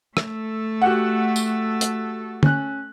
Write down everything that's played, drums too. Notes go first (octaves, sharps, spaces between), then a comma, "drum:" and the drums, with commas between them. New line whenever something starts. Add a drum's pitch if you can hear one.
A3 A4, drum: rim click
F#4 G4 F#5
drum: tambourine
drum: hi-hat
C#4 F#6, drum: tom